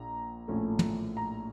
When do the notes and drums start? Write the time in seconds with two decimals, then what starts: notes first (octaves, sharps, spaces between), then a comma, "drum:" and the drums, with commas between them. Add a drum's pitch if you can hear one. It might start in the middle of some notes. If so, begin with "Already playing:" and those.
Already playing: A#1 A#2 A#5
0.48 A#1 A2 F3 A3 C#4
0.79 drum: tom
1.17 A#5